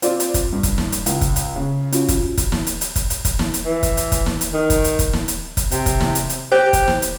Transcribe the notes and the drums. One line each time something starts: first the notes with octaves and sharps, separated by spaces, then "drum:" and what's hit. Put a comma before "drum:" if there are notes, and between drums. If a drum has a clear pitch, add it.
C4 F4 D5, drum: hi-hat
drum: hi-hat
drum: kick, hi-hat
G2
drum: kick, hi-hat
drum: snare
drum: hi-hat
C#2, drum: hi-hat
drum: kick, hi-hat
drum: hi-hat
C#3
C#4 F4 F#4, drum: hi-hat
drum: kick, hi-hat
drum: kick, hi-hat
drum: snare
drum: hi-hat
drum: hi-hat
drum: kick, hi-hat
drum: hi-hat
drum: kick, hi-hat
drum: snare
drum: hi-hat
E3
drum: kick, hi-hat
drum: hi-hat
drum: kick, hi-hat
drum: snare
drum: hi-hat
D#3
drum: kick, hi-hat
drum: hi-hat
drum: kick, hi-hat
drum: snare
drum: hi-hat
drum: kick, hi-hat
C3, drum: hi-hat
drum: kick, hi-hat
drum: snare
drum: hi-hat
drum: hi-hat
G4 C5
drum: kick, hi-hat
drum: snare
drum: hi-hat